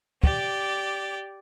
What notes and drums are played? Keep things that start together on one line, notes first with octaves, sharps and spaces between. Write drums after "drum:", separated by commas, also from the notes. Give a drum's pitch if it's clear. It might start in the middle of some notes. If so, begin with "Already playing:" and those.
G4 D5, drum: kick